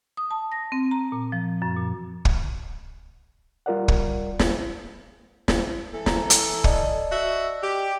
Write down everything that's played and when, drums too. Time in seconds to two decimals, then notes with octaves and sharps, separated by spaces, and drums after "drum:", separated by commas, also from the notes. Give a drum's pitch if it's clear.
0.17 D#6
0.31 A5
0.52 A#6
0.72 C4
0.91 A#5
1.12 A#2
1.32 F3
1.62 F#2
1.77 A#2
2.25 drum: kick
3.66 G3 F4 A#4 D5 F#5
3.88 drum: kick
4.39 drum: snare
5.48 drum: snare
5.93 E3 A4
6.06 A#5, drum: snare
6.30 drum: hi-hat
6.64 D5 D#5 A5, drum: kick
7.11 F#4 E5
7.63 G4